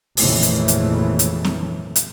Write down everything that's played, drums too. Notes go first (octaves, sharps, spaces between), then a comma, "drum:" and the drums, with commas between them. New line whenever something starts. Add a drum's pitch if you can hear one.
G#1 F2 A#2 C#3 E3 A3, drum: open hi-hat
drum: hi-hat
drum: hi-hat
drum: hi-hat
drum: snare C4
drum: hi-hat